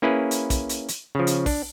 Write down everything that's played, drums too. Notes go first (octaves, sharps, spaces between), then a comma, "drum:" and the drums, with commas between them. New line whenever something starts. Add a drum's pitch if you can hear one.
A#3 C#4 E4 G#4 B4
drum: hi-hat
drum: kick, hi-hat
drum: hi-hat
drum: hi-hat
C#3 F3
drum: hi-hat
D4, drum: kick, open hi-hat